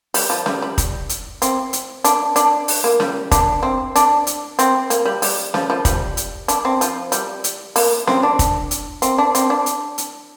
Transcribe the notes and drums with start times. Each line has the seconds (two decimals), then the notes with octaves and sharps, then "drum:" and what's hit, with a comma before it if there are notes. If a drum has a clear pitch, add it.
0.14 G3, drum: open hi-hat
0.30 F3
0.46 G3, drum: snare C#4
0.62 G3
0.78 drum: kick, hi-hat
1.09 drum: hi-hat
1.42 C4, drum: hi-hat
1.73 drum: hi-hat
2.04 D4, drum: hi-hat
2.36 D4, drum: hi-hat
2.68 drum: open hi-hat
2.84 A#3
3.00 G3, drum: snare C#4
3.31 D4, drum: kick, hi-hat
3.63 C4
3.96 D4, drum: hi-hat
4.27 drum: hi-hat
4.59 C4, drum: hi-hat
4.90 A#3, drum: hi-hat
5.05 G3
5.22 G3, drum: open hi-hat
5.54 F3, drum: snare C#4
5.70 F3
5.85 G3, drum: kick, hi-hat
6.17 drum: hi-hat
6.48 D4, drum: hi-hat
6.65 C4
6.81 F3, drum: hi-hat
7.12 G3, drum: hi-hat
7.44 drum: hi-hat
7.76 A#3, drum: open hi-hat
8.07 C4, drum: snare C#4
8.23 D4
8.39 drum: kick, hi-hat
8.71 drum: hi-hat
9.02 C4, drum: hi-hat
9.18 D4
9.35 C4, drum: hi-hat
9.50 D4
9.66 drum: hi-hat
9.98 drum: hi-hat